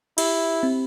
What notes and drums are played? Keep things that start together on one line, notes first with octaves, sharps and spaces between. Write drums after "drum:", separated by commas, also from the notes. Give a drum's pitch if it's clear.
E4 G4, drum: cymbal
C4